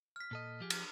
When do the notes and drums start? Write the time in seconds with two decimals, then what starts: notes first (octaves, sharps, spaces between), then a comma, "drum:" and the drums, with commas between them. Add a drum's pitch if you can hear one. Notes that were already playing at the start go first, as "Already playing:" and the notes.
0.16 F6 B6
0.31 A#2 A4 D#5
0.60 F3 G4 G#4
0.70 drum: cymbal